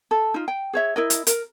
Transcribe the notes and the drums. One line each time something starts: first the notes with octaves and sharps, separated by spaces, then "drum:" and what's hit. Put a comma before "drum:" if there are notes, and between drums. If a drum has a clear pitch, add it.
A4
D#4 F4
G5
G#4 C#5 E5
E4 A#4 D#5
drum: hi-hat
A#4, drum: hi-hat